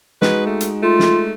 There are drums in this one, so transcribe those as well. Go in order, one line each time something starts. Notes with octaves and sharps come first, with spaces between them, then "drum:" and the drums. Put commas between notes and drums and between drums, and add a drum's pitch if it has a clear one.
G#3 D#4 F#4 B4, drum: snare
A3
drum: hi-hat
A3 F4
drum: snare